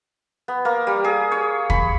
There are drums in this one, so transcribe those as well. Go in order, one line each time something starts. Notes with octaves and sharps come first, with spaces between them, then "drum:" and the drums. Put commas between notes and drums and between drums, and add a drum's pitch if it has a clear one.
B3
A#3
G3
G#4
C#5
B5, drum: kick